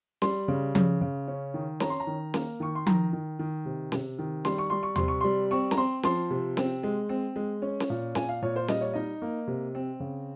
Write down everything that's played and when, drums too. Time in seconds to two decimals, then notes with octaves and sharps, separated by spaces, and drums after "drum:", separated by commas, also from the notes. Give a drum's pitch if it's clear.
0.22 G3 C6, drum: snare
0.48 C#3
0.75 C#3, drum: tom F3
1.01 C#3
1.28 C#4
1.54 D#3
1.80 C#4 A#5, drum: snare
1.90 C6
2.00 A#5
2.07 D#3
2.34 A#3, drum: snare
2.60 D#3 C#6
2.75 C6
2.86 D#3 A#5, drum: tom F3
3.13 D#3
3.39 D#3
3.65 C3
3.92 C3, drum: snare
4.19 D#3
4.45 G3 C6, drum: snare
4.58 C#6
4.70 G3 C6
4.83 C#6
4.96 C3 C6, drum: tom D#2
5.08 C#6
5.21 G3 C6
5.51 C4 C#6
5.71 A#5, drum: snare
5.77 C4 C6
6.03 F3 C6, drum: snare
6.30 C3
6.57 C4, drum: snare
6.83 G#3
7.09 C4
7.36 G#3
7.62 C#4
7.80 drum: snare
7.90 A#2
8.15 A#2 G#5, drum: snare
8.29 F5
8.42 A#2 C#5
8.56 C5
8.68 G3 D#5, drum: snare
8.81 C#5
8.93 D#4 D#5
9.22 A#3
9.47 C3
9.75 C4
10.00 C#3